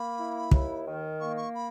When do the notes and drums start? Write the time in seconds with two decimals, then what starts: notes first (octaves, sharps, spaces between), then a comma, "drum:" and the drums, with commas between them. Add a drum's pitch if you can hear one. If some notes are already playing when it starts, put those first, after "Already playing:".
Already playing: A#3 B5
0.17 E4
0.51 D#2, drum: kick
0.86 D#3
1.20 A#3 C#6
1.37 C#6
1.55 B5